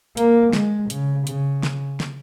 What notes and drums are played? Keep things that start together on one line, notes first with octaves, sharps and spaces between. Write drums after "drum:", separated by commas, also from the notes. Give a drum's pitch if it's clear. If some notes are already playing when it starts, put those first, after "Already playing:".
A#3, drum: hi-hat
G#3, drum: snare
C#3, drum: hi-hat
C#3, drum: hi-hat
drum: snare
drum: snare